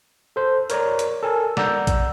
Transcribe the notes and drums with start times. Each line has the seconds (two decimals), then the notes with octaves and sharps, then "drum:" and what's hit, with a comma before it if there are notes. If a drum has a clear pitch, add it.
0.36 A4 C5
0.70 A#4 C#5 D5 A#5, drum: hi-hat
0.99 drum: hi-hat
1.23 A4 A#4 G#5
1.57 D5 F#5 A#5 E6 G6, drum: snare
1.87 drum: kick A1, hi-hat